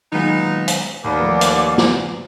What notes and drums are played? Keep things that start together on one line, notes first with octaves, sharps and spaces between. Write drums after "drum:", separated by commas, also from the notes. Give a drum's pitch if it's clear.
A#2 D#3 F#3 G#3 B3 D#4
drum: hi-hat
D#2 A2 D5 F#5 B5 D6
F3 A3 B4
drum: hi-hat
drum: snare